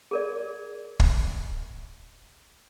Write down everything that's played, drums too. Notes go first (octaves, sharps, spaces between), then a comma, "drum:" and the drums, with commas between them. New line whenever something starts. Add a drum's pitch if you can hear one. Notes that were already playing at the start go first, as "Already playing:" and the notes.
G#4 A#4 D5
drum: kick